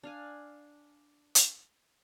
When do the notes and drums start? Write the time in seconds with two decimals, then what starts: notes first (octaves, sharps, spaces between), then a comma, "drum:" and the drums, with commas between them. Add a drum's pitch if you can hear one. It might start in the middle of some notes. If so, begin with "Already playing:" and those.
0.03 D4 F5 G#5
1.35 drum: hi-hat